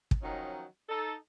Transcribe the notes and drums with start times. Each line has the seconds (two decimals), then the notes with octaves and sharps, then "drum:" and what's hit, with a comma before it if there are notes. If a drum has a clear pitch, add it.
0.11 drum: kick
0.22 D#3 F3 F#3 C#4 D#4
0.89 D#4 A4